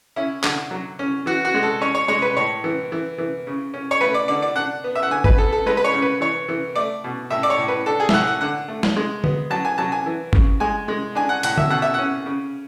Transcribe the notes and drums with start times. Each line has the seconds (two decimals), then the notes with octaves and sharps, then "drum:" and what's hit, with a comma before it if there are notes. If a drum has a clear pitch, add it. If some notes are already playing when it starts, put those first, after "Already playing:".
0.16 C#4 E4
0.44 D3, drum: clap
0.71 F#3
0.99 C#4
1.26 E3 F#4
1.45 F#4
1.54 G#3
1.63 A4
1.81 C#4 C#5
1.95 C#5
2.08 G#3 C#5
2.22 B4
2.37 A2 C#5
2.64 E3
2.92 E3
3.18 E3
3.47 C#3
3.74 C#4
3.91 C#5
4.01 A3 B4
4.14 D5
4.28 D3 D5
4.42 D5
4.56 D4 F#5
4.84 B3
4.95 E5
5.03 F#5
5.11 D3 G#5
5.24 B4, drum: kick
5.38 B3 A4
5.52 A4
5.66 G#3 B4
5.77 B4
5.84 C#5
5.93 C#3
6.02 B4
6.21 E3 C#5
6.48 E3
6.75 A3 D5
7.04 B2
7.30 A2 E5
7.43 D5
7.50 C#5
7.58 A2
7.68 B4
7.86 D4 A4
8.00 G#4
8.09 E5, drum: snare
8.14 A2 F#5
8.27 F#5
8.41 D3 F#5
8.68 A3
8.83 drum: snare
8.96 G#3
9.24 B3, drum: tom D3
9.50 F#3 A5
9.65 G#5
9.78 F#3 A5
9.92 G#5
10.06 E3
10.33 C#3, drum: kick
10.60 G#3 G#5
10.88 G#3
11.15 D4 G#5
11.29 F#5
11.43 A2 F#5, drum: hi-hat
11.58 E5, drum: tom D3
11.70 B2 F#5
11.82 E5
11.94 C#4 F#5
12.26 C#3